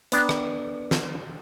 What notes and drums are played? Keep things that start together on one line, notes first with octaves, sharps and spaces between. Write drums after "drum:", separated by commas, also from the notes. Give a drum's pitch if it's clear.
B3 D4 G5 A#5, drum: hi-hat
drum: rim click
drum: snare